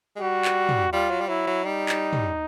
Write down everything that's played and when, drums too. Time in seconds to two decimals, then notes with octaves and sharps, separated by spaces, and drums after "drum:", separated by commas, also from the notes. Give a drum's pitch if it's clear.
0.16 G#3
0.21 G3 F#4
0.45 drum: clap
0.69 drum: tom
0.93 G3 F4
1.10 F#3
1.21 G3
1.28 F#3 E4
1.47 F#3
1.65 G3 D#4
1.89 drum: clap
2.13 drum: tom